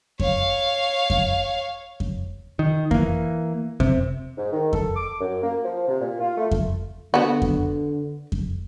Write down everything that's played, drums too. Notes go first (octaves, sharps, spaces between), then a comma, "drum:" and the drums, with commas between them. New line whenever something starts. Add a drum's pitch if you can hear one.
C#5 F5, drum: kick F2
drum: kick F2
drum: kick F2
D#3
E3 A#3, drum: kick F2
C3, drum: kick F2
G#2
D#3
A4, drum: kick F2
D6
F#2
A#3
F3
C3
A#2
F4
A3
drum: kick F2
D3 B3 F#4
drum: kick F2
drum: kick F2